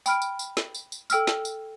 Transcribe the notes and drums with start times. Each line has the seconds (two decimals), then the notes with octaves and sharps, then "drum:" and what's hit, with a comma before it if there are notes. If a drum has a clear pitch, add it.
0.06 G5 B5 F6 D7, drum: tambourine
0.22 drum: tambourine
0.39 drum: tambourine
0.57 drum: snare
0.75 drum: tambourine
0.92 drum: tambourine
1.10 A4 G5 E6 F6, drum: tambourine
1.27 drum: snare
1.45 drum: tambourine